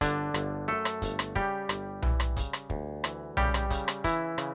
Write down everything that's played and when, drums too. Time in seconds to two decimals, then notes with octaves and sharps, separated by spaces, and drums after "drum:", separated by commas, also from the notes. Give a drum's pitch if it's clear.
0.01 G1 D3 D4, drum: kick, hi-hat
0.34 G1, drum: rim click
0.68 F#2 A3 A4
0.85 drum: rim click
1.02 G1, drum: kick, hi-hat
1.19 drum: rim click
1.36 C#3 G3 G4, drum: kick
1.69 G1, drum: rim click
2.02 E3, drum: tom B1
2.20 drum: rim click
2.37 C#3, drum: kick, hi-hat
2.53 drum: rim click
2.70 D2, drum: kick
3.04 E3, drum: rim click
3.37 C#3 G3 G4, drum: tom B1
3.54 drum: rim click
3.70 C#3, drum: kick, hi-hat
3.88 drum: rim click
4.04 E3 E4, drum: kick, hi-hat
4.38 C#3, drum: rim click